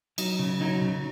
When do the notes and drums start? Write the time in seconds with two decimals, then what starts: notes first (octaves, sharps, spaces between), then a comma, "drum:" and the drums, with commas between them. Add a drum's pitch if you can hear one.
0.18 F#3 D#4, drum: cymbal
0.39 C#3
0.60 F#3 D#4
0.81 C#3